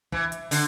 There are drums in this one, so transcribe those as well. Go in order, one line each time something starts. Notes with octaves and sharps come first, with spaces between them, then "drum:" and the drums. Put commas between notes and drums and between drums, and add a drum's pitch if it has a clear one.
E3, drum: kick
drum: hi-hat
D3, drum: open hi-hat